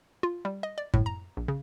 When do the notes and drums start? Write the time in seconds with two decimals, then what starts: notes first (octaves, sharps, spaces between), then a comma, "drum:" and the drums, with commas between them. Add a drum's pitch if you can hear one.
0.23 F4
0.45 G3
0.63 D#5
0.78 D5
0.94 A2, drum: kick F#2
1.06 A#5
1.37 A#1
1.48 C#3